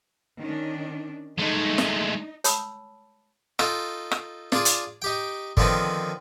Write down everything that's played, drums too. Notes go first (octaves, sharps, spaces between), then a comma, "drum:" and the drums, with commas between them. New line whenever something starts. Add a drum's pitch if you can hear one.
D#3 C#4 D4
G#3 A3 D#4
drum: snare
C#5 A5 B5 D#6 E6, drum: hi-hat
D#4 F4 A4 G5, drum: rim click
drum: rim click
D4 F4 G#4 D5, drum: snare
drum: hi-hat
D#4 G4 G5
D3 D#3 F3 B3 C4 D#4, drum: kick G1